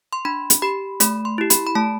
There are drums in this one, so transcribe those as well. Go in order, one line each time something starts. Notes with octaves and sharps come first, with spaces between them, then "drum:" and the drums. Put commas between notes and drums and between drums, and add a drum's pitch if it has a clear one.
C6
D4 B5
drum: hi-hat
G4 B5
A3 B5, drum: hi-hat
C6
E4 G4
B5, drum: hi-hat
B5
A3 A5